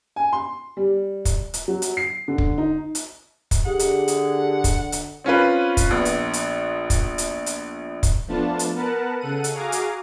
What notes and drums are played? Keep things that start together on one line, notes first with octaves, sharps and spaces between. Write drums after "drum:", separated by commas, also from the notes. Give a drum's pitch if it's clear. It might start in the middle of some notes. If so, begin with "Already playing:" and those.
G#5
C6
G3
drum: kick, hi-hat
drum: hi-hat
F#3
drum: hi-hat
C7
D3
drum: kick
D#4
drum: hi-hat
drum: kick, hi-hat
D3 G4 G#4 F#5
drum: hi-hat
drum: hi-hat
drum: kick, hi-hat
drum: hi-hat
C4 C#4 F4 B4
drum: kick, hi-hat
A#1 B3
drum: hi-hat
drum: hi-hat
drum: kick, hi-hat
drum: hi-hat
drum: hi-hat
drum: kick, hi-hat
F3 A3 B3 D4 F4 A5
drum: hi-hat
B3 A#4 B4 F#5 A5
C#3 A4 F#5 D#7
drum: hi-hat
F#4 G#4 F5 G#5 A#5 D6
drum: hi-hat